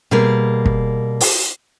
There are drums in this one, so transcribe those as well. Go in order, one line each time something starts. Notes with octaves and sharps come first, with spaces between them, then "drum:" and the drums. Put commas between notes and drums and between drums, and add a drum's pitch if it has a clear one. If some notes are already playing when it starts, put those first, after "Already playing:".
B2 G3 A#3 G#4 A#4
drum: kick
drum: open hi-hat